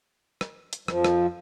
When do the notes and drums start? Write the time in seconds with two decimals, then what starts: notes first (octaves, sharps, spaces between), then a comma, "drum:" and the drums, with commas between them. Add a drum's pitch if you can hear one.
0.41 drum: rim click
0.73 drum: hi-hat
0.88 F2 F3, drum: rim click
1.04 drum: rim click